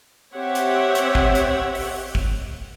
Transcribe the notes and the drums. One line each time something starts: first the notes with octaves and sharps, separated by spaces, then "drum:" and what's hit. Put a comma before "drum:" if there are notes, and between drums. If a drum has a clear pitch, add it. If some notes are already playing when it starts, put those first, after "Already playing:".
C4 G4 C#5 E5 F#5
drum: hi-hat
drum: hi-hat
drum: kick
drum: hi-hat
drum: open hi-hat
drum: kick